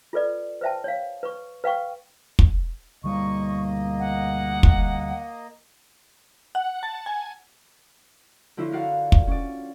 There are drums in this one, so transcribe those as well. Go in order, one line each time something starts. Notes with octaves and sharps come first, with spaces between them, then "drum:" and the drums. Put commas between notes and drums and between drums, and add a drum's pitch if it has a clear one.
F4 A4 B4 D5
B4 C5 E5 G5 A5
C#5 F5
B4 C#6
B4 F5 G5 C#6
drum: kick
D2 G3 A#3 D#5 C#6
F#5
drum: kick
F#5
A5
G#5
D3 F3 E4 F4 C#5
F4 F#4 A#4 D5 F5 F#5
drum: kick
C#4 D5